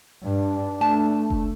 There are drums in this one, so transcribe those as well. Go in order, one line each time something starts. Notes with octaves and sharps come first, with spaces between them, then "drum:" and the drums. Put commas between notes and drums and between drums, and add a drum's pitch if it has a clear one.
G2 D4
A3 A5
drum: kick F1